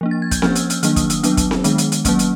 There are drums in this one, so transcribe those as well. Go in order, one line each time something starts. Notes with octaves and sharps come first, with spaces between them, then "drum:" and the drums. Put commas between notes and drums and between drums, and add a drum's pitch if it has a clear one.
F3 A#3 D4
A6
G#6
G6, drum: kick, hi-hat
F3 A#3 C#4 F6, drum: snare C4
E6, drum: hi-hat
F6, drum: hi-hat
D#3 F#3 A#3 D4 F6, drum: hi-hat
D#6, drum: kick, hi-hat
E6, drum: hi-hat
F#3 B3 D4, drum: hi-hat
drum: kick, hi-hat
drum: snare C4
D#3 G#3 B3 D4, drum: hi-hat
drum: hi-hat
drum: hi-hat
F#3 A#3 C#4 F6, drum: kick, hi-hat
drum: hi-hat